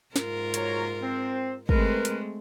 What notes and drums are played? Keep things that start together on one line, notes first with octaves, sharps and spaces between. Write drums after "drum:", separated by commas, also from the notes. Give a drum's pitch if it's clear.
G#2 F4 A#4, drum: snare
F#4 C#5 A#5, drum: hi-hat
C4 C5
G#3 A3 C4 A#4 B4, drum: kick
drum: hi-hat